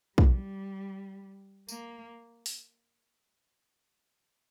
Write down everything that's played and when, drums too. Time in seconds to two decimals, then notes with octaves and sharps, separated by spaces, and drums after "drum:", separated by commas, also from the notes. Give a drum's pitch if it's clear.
0.18 G3, drum: kick
1.68 A#3, drum: tambourine
2.46 drum: open hi-hat